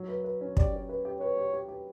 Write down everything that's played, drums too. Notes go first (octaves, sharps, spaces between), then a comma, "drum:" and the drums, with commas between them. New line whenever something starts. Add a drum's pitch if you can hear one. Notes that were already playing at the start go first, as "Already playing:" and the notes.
Already playing: F#3
B4
B4
C#4
G4 D5, drum: kick
C#4
B4
G4
B4 C#5
G4
G4
G4